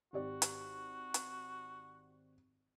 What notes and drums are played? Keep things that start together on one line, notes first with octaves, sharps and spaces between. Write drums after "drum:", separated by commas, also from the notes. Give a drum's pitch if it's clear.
G#1 F#4 G4 D5
drum: hi-hat
drum: hi-hat